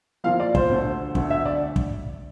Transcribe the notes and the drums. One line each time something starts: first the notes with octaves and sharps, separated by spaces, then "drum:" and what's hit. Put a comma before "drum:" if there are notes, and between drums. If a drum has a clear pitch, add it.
A#1 A#2 F3 F5
D5
C5, drum: kick
D2 D3 A3
D2 D3 A3, drum: kick
E5
D5
drum: kick